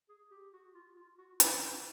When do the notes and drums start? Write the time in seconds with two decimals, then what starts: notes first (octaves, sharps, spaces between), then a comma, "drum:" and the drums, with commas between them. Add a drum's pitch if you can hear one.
0.09 G#4
0.31 G4
0.53 F#4
0.74 F4
0.96 F4
1.18 F#4
1.40 F4, drum: hi-hat